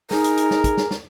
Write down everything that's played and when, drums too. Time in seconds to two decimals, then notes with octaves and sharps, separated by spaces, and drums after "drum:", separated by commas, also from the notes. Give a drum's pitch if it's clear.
0.11 D#4 G#4 A#4, drum: snare
0.24 drum: hi-hat
0.37 drum: hi-hat
0.51 drum: snare
0.64 drum: kick, hi-hat
0.77 drum: snare
0.91 drum: snare